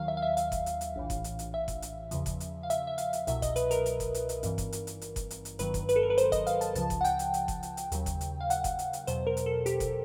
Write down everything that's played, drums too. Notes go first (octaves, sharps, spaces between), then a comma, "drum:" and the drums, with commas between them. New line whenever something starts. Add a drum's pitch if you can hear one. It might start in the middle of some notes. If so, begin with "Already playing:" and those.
Already playing: D#2 D#3 F#3 F5
E5
F5
E5
F5, drum: hi-hat
drum: kick F#1, hi-hat
drum: hi-hat
drum: hi-hat
A#1 A2 E3
drum: kick F#1, hi-hat
drum: hi-hat
drum: hi-hat
E5
drum: kick F#1, hi-hat
drum: hi-hat
E2 C#3 F3, drum: hi-hat
drum: kick F#1, hi-hat
drum: hi-hat
F5
E5, drum: hi-hat
E5
F5, drum: hi-hat
drum: hi-hat
C2 B2 F#3 E5, drum: hi-hat
D#5, drum: kick F#1, hi-hat
B4, drum: hi-hat
A#4, drum: hi-hat
A#4, drum: hi-hat
drum: kick F#1, hi-hat
drum: hi-hat
drum: hi-hat
G#1 G2 E3, drum: hi-hat
drum: kick F#1, hi-hat
drum: hi-hat
drum: hi-hat
drum: hi-hat
drum: kick F#1, hi-hat
drum: hi-hat
drum: hi-hat
G1 G2 D#3 F#3 B4, drum: hi-hat
drum: kick F#1, hi-hat
B4, drum: hi-hat
A4
A#4
B4
C5, drum: hi-hat
D#5, drum: kick F#1, hi-hat
F5, drum: hi-hat
A5, drum: hi-hat
C#2 C#3 F3 A5, drum: hi-hat
drum: kick F#1, hi-hat
F#5
G5, drum: hi-hat
drum: hi-hat
drum: hi-hat
drum: kick F#1, hi-hat
drum: hi-hat
drum: hi-hat
D#2 C#3 F#3, drum: hi-hat
drum: kick F#1, hi-hat
drum: hi-hat
F5
F#5, drum: hi-hat
drum: kick F#1, hi-hat
drum: hi-hat
drum: hi-hat
E2 B2 F#3 C5, drum: hi-hat
A#4
drum: hi-hat
A4
G4, drum: hi-hat
drum: kick F#1, hi-hat